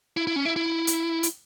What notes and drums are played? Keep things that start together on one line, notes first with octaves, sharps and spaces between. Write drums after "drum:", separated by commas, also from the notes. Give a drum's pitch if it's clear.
E4
E4
C#4
E4
E4
drum: hi-hat
drum: hi-hat